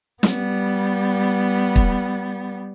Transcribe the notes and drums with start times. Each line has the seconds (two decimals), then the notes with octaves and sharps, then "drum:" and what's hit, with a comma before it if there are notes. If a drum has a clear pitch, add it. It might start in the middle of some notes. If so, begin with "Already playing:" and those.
0.23 G3 B3, drum: snare
1.76 drum: kick